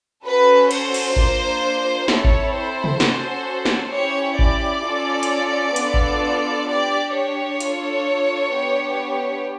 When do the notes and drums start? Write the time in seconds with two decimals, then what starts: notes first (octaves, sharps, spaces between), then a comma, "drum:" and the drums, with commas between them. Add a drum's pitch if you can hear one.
0.24 C#4 F#4 A4 B4
0.71 C5, drum: cymbal
0.94 drum: cymbal
1.16 A#3 D4 F4, drum: kick G#1
2.08 C4 E4 A4 C#5, drum: snare
2.24 drum: kick G#1
2.54 C5
2.84 drum: tom C3
3.00 C#4 F#4 A4, drum: snare
3.65 drum: snare
3.92 C#4 E4 G4 C#5
4.39 D5, drum: kick G#1
4.85 C#4 F4 A4
5.23 drum: hi-hat
5.76 B3 D4 F4 A4, drum: hi-hat
5.94 drum: kick G#1
6.69 D4 G4 D5
7.15 C#5
7.60 D4 F4 A4, drum: hi-hat
8.53 B3 D4 G4